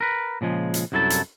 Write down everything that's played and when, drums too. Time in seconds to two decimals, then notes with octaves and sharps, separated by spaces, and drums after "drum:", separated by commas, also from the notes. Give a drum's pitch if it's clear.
0.01 A#4 B4
0.41 A#2 C#3 F3 G#3
0.74 drum: hi-hat
0.92 C2 F#2 F#3 E4 A4 A5
1.10 drum: hi-hat